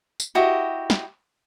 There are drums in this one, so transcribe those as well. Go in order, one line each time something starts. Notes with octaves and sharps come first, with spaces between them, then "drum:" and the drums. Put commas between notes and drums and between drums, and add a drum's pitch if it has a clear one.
drum: tambourine
E4 F#4 G4 D#5
drum: snare